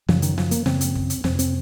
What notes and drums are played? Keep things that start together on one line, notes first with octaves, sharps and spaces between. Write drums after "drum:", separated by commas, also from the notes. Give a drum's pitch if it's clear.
F#2 C#3 F3, drum: snare
D#3, drum: hi-hat
F3, drum: snare
A#3, drum: hi-hat
F#2 C#3 C4, drum: snare
drum: hi-hat
drum: kick
drum: hi-hat
F2 C3 C4, drum: snare
C4, drum: hi-hat